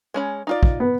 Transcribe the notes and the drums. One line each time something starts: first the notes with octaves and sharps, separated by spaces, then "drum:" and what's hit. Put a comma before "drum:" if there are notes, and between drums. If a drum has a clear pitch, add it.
G#3 C#4 B5
D#4 F4 D5
drum: kick
B3